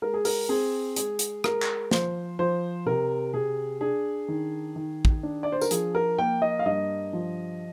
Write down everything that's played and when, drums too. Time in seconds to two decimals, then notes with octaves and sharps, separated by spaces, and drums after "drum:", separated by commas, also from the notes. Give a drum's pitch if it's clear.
0.02 G#3 A#4
0.14 G#4
0.25 A#4, drum: open hi-hat
0.49 C4 G#4
0.96 G#3 G#4, drum: hi-hat
1.19 drum: hi-hat
1.44 G#3 A#4, drum: rim click
1.62 drum: clap
1.91 F3 C5, drum: snare
2.39 F3 C5
2.86 C3 A#4
3.34 C3 G#4
3.81 D4 G#4
4.28 D#3
4.76 D#3
5.05 drum: kick
5.23 D4
5.43 D5
5.52 C5
5.61 A#4, drum: tambourine
5.71 F3 G#4, drum: hi-hat
5.95 A#4
6.18 A#3 G5
6.42 D#5
6.59 F5
6.66 G2 D#5
7.13 F3